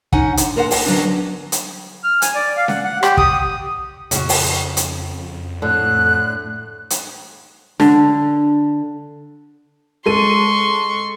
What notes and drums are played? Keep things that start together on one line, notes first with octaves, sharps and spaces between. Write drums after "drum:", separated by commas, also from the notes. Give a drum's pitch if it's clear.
C#4 D#4 F#5 G#5, drum: kick
D3, drum: hi-hat
A4 A#4 C5 E5 F#5
A#4, drum: open hi-hat
D3 F#3 B3 C#4 D4
drum: hi-hat
F6
G#5, drum: hi-hat
D5
F5
F#5, drum: snare C#4
F#5
G4, drum: rim click
D#6, drum: kick
F2 C#3 F#4, drum: hi-hat
drum: open hi-hat
drum: hi-hat
A2 D3 F#6
drum: hi-hat
D3, drum: snare C#4
G#3 A4 C6 C#6 D#7